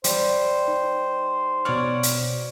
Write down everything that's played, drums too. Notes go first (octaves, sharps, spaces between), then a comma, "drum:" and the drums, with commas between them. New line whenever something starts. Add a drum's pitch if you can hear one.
G3 C5, drum: hi-hat
D#4
B2 C#5 D5 F#5 F6
drum: hi-hat